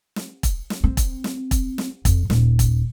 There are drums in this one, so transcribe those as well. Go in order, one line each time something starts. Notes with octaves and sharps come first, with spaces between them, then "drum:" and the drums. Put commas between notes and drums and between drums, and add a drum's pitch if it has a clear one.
drum: snare
drum: kick E1, hi-hat
drum: snare
C4
drum: kick E1, hi-hat
drum: snare
drum: kick E1, hi-hat
drum: snare
F2, drum: kick E1, hi-hat
D#1, drum: snare
drum: kick E1, hi-hat